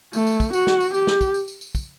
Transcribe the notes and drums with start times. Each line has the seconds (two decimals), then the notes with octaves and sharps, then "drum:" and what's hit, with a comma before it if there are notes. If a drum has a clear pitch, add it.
0.13 A3, drum: tambourine
0.27 drum: tambourine
0.40 drum: kick, tambourine
0.53 F#4, drum: tambourine
0.67 drum: snare
0.80 drum: tambourine
0.94 G4, drum: tambourine
1.07 drum: snare
1.21 drum: kick, tambourine
1.34 drum: tambourine
1.48 drum: tambourine
1.61 drum: tambourine
1.75 drum: kick, tambourine